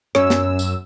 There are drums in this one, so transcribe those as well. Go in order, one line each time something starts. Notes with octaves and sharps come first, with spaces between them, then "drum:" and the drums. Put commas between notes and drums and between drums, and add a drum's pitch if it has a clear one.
F#2 C#4 C#5 E6, drum: rim click
drum: snare
drum: tambourine